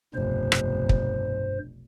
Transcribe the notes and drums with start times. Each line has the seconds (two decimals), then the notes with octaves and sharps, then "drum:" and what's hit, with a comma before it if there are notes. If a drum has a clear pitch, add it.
0.14 F1 B1 G2 C5
0.52 drum: rim click
0.89 drum: kick